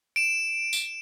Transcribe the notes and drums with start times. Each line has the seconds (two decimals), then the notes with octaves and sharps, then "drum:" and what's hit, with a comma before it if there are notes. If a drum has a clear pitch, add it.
0.16 D7 E7
0.73 drum: tambourine